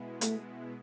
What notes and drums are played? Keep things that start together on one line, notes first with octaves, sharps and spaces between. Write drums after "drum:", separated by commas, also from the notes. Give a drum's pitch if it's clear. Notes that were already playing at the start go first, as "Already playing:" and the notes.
Already playing: B2 G#3 B3 E4
A3, drum: hi-hat